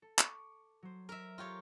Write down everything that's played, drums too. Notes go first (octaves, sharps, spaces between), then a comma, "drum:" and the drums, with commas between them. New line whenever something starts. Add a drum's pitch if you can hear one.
A4
C#6 D6, drum: clap
F#3 C5
A#4 E5
F4 G4 A4 A#4 C#5